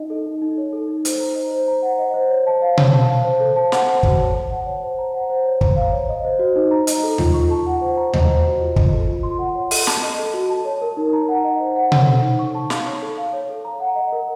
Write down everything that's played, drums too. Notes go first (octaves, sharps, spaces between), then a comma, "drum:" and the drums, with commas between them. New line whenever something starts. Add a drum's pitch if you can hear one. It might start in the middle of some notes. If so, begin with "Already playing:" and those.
Already playing: D#4 D#5
A4
D#4
D#4
C#5
A4
D#4
C5, drum: hi-hat
A#5
D#5
C5
A#5
F#5
D#5
C5
C#5
A5
F5
C#5, drum: tom B2
A5
F5
C5
A4
A5
F#5, drum: snare
C5
F#4, drum: kick
C#5
A5
F#5
C#5
C5
A#5
F#5
C5
C#5
A#5, drum: kick
F5
C#5
D#5
C5
F#4
D#4
A#5
D#5, drum: hi-hat
A4
F4, drum: tom D#2
C#6
A5
F#5
C5
A#5
D#5, drum: tom D#2
C5
F#4
F4
D#5, drum: kick
A4
F4
C6
F#5
C#5
A4, drum: open hi-hat
A5, drum: snare
D#5
A4
F#4
A5
C#5
A#4
D#4
A#5
F#5
D#5
C5
F#5
C#5, drum: tom B2
A4
D#4
C#6
A5
F5, drum: snare
C#5
A4
F5
C#5
A4
A#5
F#5
D#5
A#4